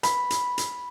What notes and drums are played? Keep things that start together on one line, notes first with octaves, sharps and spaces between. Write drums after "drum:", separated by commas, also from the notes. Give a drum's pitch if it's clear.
B5, drum: hi-hat
drum: hi-hat
drum: hi-hat